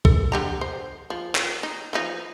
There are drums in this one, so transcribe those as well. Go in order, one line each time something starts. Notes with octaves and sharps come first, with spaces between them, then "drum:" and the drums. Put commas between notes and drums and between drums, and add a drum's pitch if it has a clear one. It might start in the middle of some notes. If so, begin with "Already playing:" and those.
A4, drum: kick
D3 G4 A#5
C5
F3
drum: clap
D#4
E3 F3 D#4